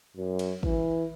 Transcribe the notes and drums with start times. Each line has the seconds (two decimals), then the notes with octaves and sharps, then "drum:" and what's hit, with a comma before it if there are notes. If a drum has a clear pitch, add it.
0.17 F#2
0.39 drum: cymbal
0.63 E3, drum: kick